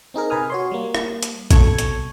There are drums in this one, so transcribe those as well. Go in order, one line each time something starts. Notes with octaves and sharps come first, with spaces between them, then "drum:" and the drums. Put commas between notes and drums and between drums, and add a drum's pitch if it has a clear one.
C4 D#4 G#4 A#4
C3 B4 G#5 D#6 F6
F#4 C#5 C6
G3 A#3
drum: rim click
drum: hi-hat
C2 B2 A4 C#6 G#6, drum: kick A#1, hi-hat
drum: hi-hat